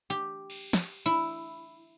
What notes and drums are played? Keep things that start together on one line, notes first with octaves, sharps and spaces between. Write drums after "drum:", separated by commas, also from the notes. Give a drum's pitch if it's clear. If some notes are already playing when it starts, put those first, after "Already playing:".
G4
drum: cymbal
drum: snare
E4